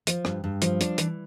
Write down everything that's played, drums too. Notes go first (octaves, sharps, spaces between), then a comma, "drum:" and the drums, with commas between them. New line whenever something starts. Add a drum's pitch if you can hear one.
F3, drum: hi-hat
G2, drum: rim click
G2
F3, drum: hi-hat
D4, drum: hi-hat
E3, drum: hi-hat